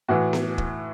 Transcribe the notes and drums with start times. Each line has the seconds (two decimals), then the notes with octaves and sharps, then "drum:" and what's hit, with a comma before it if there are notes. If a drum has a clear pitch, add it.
0.08 A2 E3 F#4
0.33 drum: snare B3
0.58 drum: kick